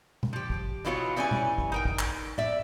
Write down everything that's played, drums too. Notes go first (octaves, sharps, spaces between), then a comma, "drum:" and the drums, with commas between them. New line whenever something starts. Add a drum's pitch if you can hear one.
drum: tom B2
F3 G4
drum: kick
B2 E3 F#3 F4 B4 C#5
E3 G3 C#4 D#4 G#5
drum: tom B2
drum: kick
D#4 A#4 G5
drum: kick
drum: clap
D5 E5, drum: tom A2